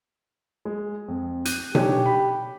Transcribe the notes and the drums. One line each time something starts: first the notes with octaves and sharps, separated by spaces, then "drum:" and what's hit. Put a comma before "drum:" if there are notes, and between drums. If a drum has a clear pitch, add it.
G#3
F2
F#6 G6 D#7, drum: hi-hat
D4 D#4 G4 C#5, drum: tom B2
B5